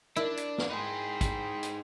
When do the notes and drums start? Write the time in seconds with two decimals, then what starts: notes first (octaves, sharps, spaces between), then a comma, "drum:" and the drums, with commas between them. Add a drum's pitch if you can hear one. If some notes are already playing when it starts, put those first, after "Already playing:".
0.16 D4 E4 A#4
0.37 drum: hi-hat
0.58 drum: snare
0.70 D#4 G#4 G5 B5 C6
1.21 drum: kick, hi-hat
1.63 drum: hi-hat